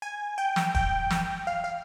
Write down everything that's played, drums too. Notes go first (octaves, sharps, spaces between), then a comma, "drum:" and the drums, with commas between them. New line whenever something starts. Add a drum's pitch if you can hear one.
G#5
G5
drum: snare
G5, drum: kick D#1
drum: snare
F5
F5